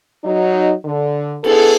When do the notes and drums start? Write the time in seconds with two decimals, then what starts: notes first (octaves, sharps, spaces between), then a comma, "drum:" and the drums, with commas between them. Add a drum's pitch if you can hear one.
0.24 F#3 D#4
0.85 D3
1.44 B3 E4 G#4 A4, drum: cymbal